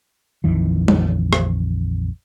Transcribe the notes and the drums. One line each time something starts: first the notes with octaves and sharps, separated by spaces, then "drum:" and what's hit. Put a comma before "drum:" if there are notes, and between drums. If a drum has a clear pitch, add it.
A#1 F2 D#3 E3
drum: tom
drum: rim click